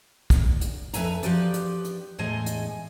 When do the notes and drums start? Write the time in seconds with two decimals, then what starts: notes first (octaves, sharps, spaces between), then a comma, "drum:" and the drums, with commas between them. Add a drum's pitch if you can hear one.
0.30 drum: kick, hi-hat
0.61 drum: hi-hat
0.93 F2 B4 E5 G#5 A#5, drum: hi-hat
1.23 F3 G4 B4 D5, drum: hi-hat
1.54 drum: hi-hat
1.84 drum: hi-hat
2.18 E2 A2 G#3 D#5 G#5
2.46 drum: hi-hat